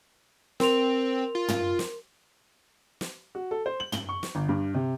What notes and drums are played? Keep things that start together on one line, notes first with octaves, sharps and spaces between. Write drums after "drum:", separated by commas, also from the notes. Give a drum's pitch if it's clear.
C4 A#4 C6 F7, drum: snare
F4
drum: tom
drum: snare
drum: snare
F#4
A4
C5
F#7
G7, drum: tom
C#6
drum: snare
G1
G2
C3